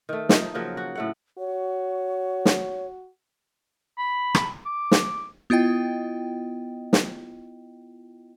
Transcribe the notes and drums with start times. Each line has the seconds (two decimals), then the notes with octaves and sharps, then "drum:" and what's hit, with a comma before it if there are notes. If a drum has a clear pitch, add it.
0.09 D#3 A3
0.29 F3 D#4, drum: snare
0.55 C#3 F3 F#3 A#3
0.77 F#4
0.95 A2 A3 F#5
1.38 F#4 C#5
2.45 drum: snare
3.98 B5
4.35 drum: rim click
4.66 D6
4.91 drum: snare
5.50 B3 E4 F4 D#5 G5
6.93 drum: snare